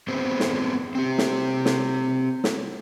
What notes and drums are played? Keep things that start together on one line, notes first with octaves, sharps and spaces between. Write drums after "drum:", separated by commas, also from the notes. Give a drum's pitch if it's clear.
B3 C4 G#4 B4 C5
drum: snare
C4 G4
drum: snare
drum: snare
drum: snare